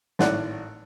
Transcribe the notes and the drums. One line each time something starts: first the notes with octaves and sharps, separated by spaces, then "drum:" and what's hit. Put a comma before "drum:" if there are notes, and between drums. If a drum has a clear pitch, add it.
G#1 A2 C#5 D5 F#5 F#6, drum: snare